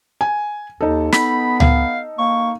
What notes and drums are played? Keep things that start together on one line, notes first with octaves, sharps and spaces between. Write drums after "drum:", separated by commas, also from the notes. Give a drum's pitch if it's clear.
G#5
D#2 D#4 A4
B3 B5, drum: snare
F5, drum: tom C#2
A#3 C#6